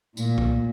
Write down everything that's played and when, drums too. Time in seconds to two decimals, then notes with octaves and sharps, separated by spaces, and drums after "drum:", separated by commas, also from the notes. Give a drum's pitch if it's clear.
0.17 A#2, drum: tambourine
0.38 drum: kick